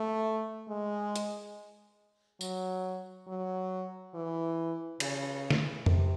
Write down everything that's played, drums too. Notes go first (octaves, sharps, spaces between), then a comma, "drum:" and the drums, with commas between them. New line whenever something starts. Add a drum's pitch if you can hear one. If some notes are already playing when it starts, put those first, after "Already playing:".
Already playing: A3
G#3
drum: hi-hat
F#3, drum: tambourine
F#3
E3
C#3, drum: cymbal
drum: snare
C3, drum: tom F2